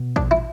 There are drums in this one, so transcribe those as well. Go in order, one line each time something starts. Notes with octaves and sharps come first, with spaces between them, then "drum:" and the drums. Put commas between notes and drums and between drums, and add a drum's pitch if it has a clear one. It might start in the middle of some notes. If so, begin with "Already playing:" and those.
Already playing: B2
D4, drum: kick A1
E4